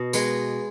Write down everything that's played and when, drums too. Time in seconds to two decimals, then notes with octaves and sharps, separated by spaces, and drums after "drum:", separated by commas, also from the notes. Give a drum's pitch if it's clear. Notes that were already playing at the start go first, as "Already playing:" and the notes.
Already playing: B2 D#5
0.13 G#3 B3, drum: tambourine